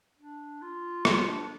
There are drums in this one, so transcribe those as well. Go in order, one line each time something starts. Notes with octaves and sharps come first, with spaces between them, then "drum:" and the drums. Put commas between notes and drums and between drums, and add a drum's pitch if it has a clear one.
D4
F4
F4, drum: rim click
D4